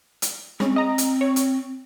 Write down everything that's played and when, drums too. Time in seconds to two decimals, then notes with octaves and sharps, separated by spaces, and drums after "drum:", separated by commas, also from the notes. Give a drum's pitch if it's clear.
0.22 drum: hi-hat
0.60 G#3 C4 C#4, drum: rim click
0.76 D#5 A#5
0.98 drum: hi-hat
1.21 C#5
1.36 drum: hi-hat